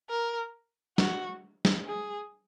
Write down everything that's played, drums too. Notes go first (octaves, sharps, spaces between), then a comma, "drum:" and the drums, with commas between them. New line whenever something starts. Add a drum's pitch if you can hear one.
A#4
F#4, drum: snare
drum: snare
G#4